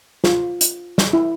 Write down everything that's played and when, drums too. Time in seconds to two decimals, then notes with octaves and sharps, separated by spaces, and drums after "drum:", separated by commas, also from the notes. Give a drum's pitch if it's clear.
0.24 F4, drum: snare
0.61 drum: hi-hat
0.98 drum: snare
1.13 E4